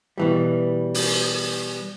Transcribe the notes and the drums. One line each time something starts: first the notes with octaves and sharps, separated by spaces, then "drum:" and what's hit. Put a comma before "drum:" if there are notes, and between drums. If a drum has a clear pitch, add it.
B2 E3 G3
drum: open hi-hat